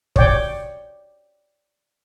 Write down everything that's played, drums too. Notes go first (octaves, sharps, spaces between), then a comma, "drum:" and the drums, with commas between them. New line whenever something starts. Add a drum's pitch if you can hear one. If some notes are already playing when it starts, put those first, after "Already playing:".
C#5 D5 G5, drum: kick